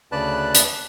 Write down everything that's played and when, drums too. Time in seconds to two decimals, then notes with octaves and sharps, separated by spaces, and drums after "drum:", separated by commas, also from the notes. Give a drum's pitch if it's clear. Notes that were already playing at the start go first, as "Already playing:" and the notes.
0.12 D2 C#3 B4 D5 A5 F#6
0.55 drum: hi-hat